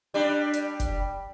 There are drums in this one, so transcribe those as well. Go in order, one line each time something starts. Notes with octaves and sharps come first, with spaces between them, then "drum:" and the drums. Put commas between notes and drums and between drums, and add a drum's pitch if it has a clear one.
G3 D4
drum: hi-hat
drum: kick F1, hi-hat